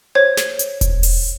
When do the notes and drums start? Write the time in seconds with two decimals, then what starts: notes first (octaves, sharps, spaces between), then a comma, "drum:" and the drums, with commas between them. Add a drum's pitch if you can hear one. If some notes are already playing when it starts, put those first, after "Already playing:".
0.15 C5 C#5 G#6
0.37 drum: snare
0.59 drum: hi-hat
0.81 drum: kick E1, hi-hat
1.03 drum: open hi-hat